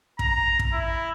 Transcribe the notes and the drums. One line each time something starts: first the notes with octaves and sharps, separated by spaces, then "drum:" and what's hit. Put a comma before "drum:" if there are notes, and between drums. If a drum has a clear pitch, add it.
A#5, drum: kick
drum: kick
E4